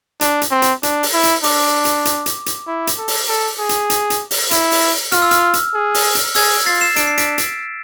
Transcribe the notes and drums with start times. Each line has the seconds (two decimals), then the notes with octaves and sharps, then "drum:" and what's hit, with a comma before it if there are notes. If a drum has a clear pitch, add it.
0.21 D4, drum: hi-hat
0.42 drum: hi-hat
0.51 C4
0.62 drum: hi-hat
0.83 D4, drum: hi-hat
1.03 drum: open hi-hat
1.14 E4
1.23 drum: hi-hat
1.43 D4 D6, drum: open hi-hat
1.85 drum: hi-hat
2.05 drum: hi-hat
2.26 drum: hi-hat
2.46 drum: hi-hat
2.67 E4
2.87 drum: hi-hat
2.98 A4
3.08 drum: open hi-hat
3.28 A4
3.59 G#4
3.69 drum: hi-hat
3.90 drum: hi-hat
4.10 drum: hi-hat
4.31 drum: open hi-hat
4.51 E4, drum: hi-hat
4.72 drum: open hi-hat
5.12 F4 F6, drum: hi-hat
5.22 E6
5.31 F6, drum: hi-hat
5.53 drum: hi-hat
5.74 G#4
5.94 drum: open hi-hat
6.15 drum: hi-hat
6.35 G#4 E6 G#6, drum: open hi-hat
6.66 F4 A6 C7
6.81 C7 E7
6.96 D4 D7, drum: hi-hat
7.07 C7
7.18 B6 D7, drum: hi-hat
7.38 drum: hi-hat